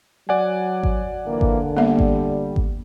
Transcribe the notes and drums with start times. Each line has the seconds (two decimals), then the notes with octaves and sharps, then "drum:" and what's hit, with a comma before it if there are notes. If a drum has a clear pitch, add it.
0.29 F#3 D5 F#5 G#5
0.83 drum: kick G#1
1.27 D3 E3 F3 A#3
1.41 drum: kick G#1
1.77 G3 A#3 B3 E5
1.99 drum: kick G#1
2.56 drum: kick G#1